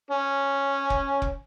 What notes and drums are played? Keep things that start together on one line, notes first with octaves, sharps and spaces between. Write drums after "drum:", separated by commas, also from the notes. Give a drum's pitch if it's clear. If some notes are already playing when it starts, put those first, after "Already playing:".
C#4
drum: kick F1
drum: kick F1